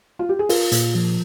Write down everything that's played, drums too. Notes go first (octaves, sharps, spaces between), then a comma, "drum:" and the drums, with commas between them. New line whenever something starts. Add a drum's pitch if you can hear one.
F4
G4
G#4
F4 A#4, drum: open hi-hat
A#2, drum: hi-hat
F3